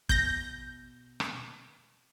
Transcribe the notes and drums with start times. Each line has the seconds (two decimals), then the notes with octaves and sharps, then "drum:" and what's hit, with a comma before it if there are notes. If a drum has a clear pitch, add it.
0.09 B2 G6 A#6, drum: kick
1.20 drum: rim click